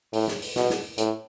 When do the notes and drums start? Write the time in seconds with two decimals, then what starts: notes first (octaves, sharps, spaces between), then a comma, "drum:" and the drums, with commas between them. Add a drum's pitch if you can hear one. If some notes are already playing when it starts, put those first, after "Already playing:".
0.13 A2, drum: open hi-hat
0.28 drum: snare
0.42 drum: open hi-hat
0.56 B2, drum: snare
0.70 drum: snare
0.98 A2, drum: hi-hat